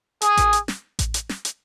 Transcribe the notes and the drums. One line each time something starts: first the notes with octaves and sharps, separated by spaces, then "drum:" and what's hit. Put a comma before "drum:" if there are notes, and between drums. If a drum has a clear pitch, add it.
G#4, drum: hi-hat
drum: kick A1, hi-hat
drum: hi-hat
drum: snare
drum: kick A1, hi-hat
drum: hi-hat
drum: snare
drum: hi-hat